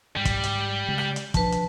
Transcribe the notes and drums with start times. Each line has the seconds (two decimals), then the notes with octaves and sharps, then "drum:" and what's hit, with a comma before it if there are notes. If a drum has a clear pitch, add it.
0.16 G#2 G3
0.25 drum: kick, hi-hat
0.43 drum: hi-hat
0.88 C#3 G#3
0.98 drum: rim click
1.16 drum: hi-hat
1.34 F3 D4 B4 A5, drum: kick, hi-hat
1.52 drum: hi-hat